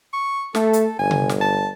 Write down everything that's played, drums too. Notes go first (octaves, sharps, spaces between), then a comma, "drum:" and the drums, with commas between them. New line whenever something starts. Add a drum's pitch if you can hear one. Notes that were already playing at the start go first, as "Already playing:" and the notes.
C#6
A3 A4, drum: snare
drum: hi-hat
G1 G#5
drum: tom C3
drum: snare
A5